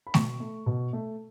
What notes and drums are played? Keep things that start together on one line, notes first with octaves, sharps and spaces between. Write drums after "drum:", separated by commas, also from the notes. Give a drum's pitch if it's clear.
B5
B2 C#6, drum: snare A3
A3
B2
A3